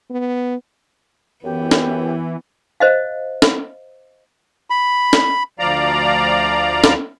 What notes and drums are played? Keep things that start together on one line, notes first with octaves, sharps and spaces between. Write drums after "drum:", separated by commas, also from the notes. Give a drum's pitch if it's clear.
B3
F#2 E3 B3 G4
drum: snare
C5 D#5 F5
drum: snare
B5
drum: snare
D2 F3 D5 F5 A#5
drum: snare